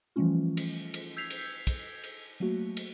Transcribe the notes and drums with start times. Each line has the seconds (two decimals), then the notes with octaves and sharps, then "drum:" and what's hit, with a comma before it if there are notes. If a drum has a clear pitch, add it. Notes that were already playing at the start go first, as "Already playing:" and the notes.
0.16 E3 F3 G3 A3 C#4 F4
0.57 drum: cymbal
0.94 drum: cymbal
1.16 E6 G6 G#6 B6 C7 F7
1.30 drum: cymbal
1.67 drum: kick, cymbal
2.04 drum: cymbal
2.40 F#3 A3 A#3 F#4
2.77 drum: cymbal